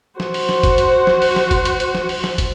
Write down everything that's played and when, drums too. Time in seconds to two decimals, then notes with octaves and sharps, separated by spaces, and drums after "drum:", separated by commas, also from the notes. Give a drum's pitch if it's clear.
0.20 F#4 C5, drum: snare
0.34 drum: open hi-hat
0.49 drum: snare
0.63 drum: kick, hi-hat
0.78 drum: hi-hat
1.07 drum: snare
1.22 drum: open hi-hat
1.36 drum: snare
1.51 drum: kick, hi-hat
1.65 drum: hi-hat
1.80 drum: hi-hat
1.95 drum: snare
2.09 drum: open hi-hat
2.24 drum: snare
2.38 drum: kick, hi-hat